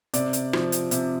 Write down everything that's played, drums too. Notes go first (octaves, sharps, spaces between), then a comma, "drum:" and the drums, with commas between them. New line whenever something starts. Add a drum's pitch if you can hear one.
C3 D5, drum: hi-hat
drum: hi-hat
F3, drum: rim click
drum: hi-hat
C3, drum: hi-hat